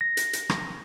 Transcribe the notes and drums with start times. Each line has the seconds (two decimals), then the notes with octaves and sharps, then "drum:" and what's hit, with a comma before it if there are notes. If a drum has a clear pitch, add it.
0.01 A#6
0.17 drum: hi-hat
0.33 drum: hi-hat
0.49 drum: rim click